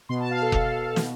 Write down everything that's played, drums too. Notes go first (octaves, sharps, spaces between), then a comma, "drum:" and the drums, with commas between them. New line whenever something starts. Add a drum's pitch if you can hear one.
B2 C6
A5
F5
A4
B2, drum: kick F1
B2, drum: snare